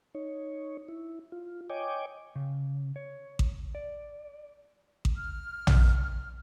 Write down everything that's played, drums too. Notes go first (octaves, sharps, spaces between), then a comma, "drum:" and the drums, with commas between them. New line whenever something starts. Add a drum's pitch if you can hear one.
D#4 C#5
E4
F4
C#5 D#5 G5 G#5 D6
C#3
C#5
drum: kick A1
D5
drum: kick A1
F6
drum: tom